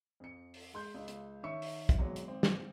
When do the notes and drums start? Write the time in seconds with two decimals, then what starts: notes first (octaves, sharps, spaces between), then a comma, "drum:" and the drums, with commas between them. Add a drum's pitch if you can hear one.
0.20 F2 C#7
0.54 drum: open hi-hat
0.73 G#3 C6 G6
0.94 C#2 C#3
1.08 drum: hi-hat
1.43 D#3 C#4 E5 C#6 C#7
1.62 drum: open hi-hat
1.89 drum: kick, hi-hat
1.98 G#1 B2 F#3 G#3
2.16 drum: hi-hat
2.28 G#1 C4
2.43 drum: snare